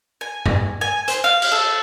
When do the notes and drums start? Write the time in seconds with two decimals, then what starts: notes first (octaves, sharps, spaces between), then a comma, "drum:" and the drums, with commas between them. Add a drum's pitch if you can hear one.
0.21 G#5
0.46 drum: tom F#2
0.81 G#5
1.08 C5, drum: hi-hat
1.24 F5
1.42 drum: cymbal
1.52 A4